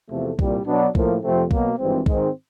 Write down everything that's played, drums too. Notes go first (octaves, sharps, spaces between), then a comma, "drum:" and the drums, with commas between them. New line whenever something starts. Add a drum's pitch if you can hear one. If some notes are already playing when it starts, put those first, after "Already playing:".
E2 C3 F3 A3
C2 A#2 G3, drum: kick B1
B2 F#3 B3 D4
A2 F3 A#3, drum: kick B1
F2 C3 F3 A3 C4
B2 F#3 A#3, drum: kick B1
G#1 G2 E3 G#3 C4
G#2 D#3 G#3 C4, drum: kick B1